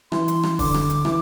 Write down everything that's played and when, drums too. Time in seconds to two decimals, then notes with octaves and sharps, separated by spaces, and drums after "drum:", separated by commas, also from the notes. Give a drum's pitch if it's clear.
0.12 E3 C6, drum: rim click
0.28 drum: hi-hat
0.43 drum: rim click
0.59 D3 D6, drum: kick D#1, open hi-hat
0.74 drum: rim click
0.90 drum: hi-hat
1.05 E3, drum: rim click